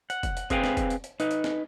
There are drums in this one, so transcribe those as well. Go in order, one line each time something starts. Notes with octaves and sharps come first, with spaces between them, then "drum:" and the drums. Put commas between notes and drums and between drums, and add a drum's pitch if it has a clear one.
F#5, drum: hi-hat
drum: kick F1, hi-hat
drum: hi-hat
C4 G#4 B4 F5 G5 G#5, drum: kick F1, hi-hat
drum: snare
drum: kick F1, hi-hat
drum: hi-hat
drum: hi-hat
D#4 B4, drum: hi-hat
drum: hi-hat
drum: snare